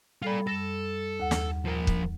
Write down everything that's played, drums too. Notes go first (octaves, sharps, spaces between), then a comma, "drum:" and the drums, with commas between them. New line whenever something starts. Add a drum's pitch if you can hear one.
G3 F4 A4 D5 B5
F#2 A4 A#6
D#2 F#5
drum: snare
F3 A#4
drum: kick